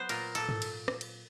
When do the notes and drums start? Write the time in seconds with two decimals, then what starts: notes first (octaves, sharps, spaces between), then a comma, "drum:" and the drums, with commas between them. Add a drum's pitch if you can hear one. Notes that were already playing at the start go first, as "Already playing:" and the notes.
Already playing: F#3 B3 C5
0.09 A#2 A#4, drum: cymbal
0.35 A#2 A4, drum: cymbal
0.49 drum: tom G#2
0.62 drum: cymbal
0.88 drum: rim click
1.01 drum: cymbal